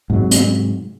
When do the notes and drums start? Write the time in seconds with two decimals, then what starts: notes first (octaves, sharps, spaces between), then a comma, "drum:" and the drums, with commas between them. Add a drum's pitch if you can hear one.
0.10 G#2 C3 F#3 G#3
0.31 drum: hi-hat